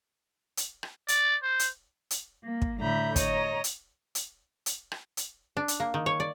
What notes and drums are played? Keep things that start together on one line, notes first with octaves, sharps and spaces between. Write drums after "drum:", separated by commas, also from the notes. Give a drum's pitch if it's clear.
drum: hi-hat
drum: rim click
D5, drum: hi-hat
C5
drum: hi-hat
drum: hi-hat
A#3
drum: kick
A2 D3 E5 A#5 B5 G6
C#5 D#5 A#5, drum: kick, hi-hat
drum: hi-hat
drum: hi-hat
drum: hi-hat
drum: rim click
drum: hi-hat
D4
drum: hi-hat
A#3
D#3
C#5
D5